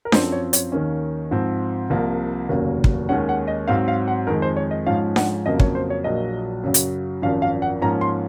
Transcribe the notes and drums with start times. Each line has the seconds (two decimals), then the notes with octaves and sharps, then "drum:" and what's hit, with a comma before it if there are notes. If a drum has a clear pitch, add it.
0.05 A#4
0.12 F#2 F3 C4 C5, drum: snare D4
0.32 C#5
0.53 C#5, drum: hi-hat
0.72 D#2 D#3 A#3 C#4
1.31 G#2 F3 C4
1.90 C2 C3 F3 A#3
2.49 F1 D#2 C#3 F#3 A#3
2.84 drum: kick
3.09 D#2 D#3 G#3 C#4 F#5
3.29 F#5
3.48 D#5
3.68 G#2 F#3 C4 F5
3.88 F5
4.08 F#5
4.27 F2 D#3 G#3 A#4
4.42 C5
4.57 C#5
4.71 D#5
4.86 G#2 F3 G#3 C#4 F5
5.16 F#5, drum: snare D4
5.46 F2 C#3 F#3 A#3 D#5
5.60 C#5, drum: kick
5.75 C5
5.90 C#5
6.04 A#1 A#2 F#3 D#5
6.63 F#2 C#3 F#3
6.74 drum: hi-hat
7.22 G#1 F#2 F3 F5
7.42 F5
7.62 F#5
7.82 G#2 F3 A#3 C#4 A#5
8.01 C6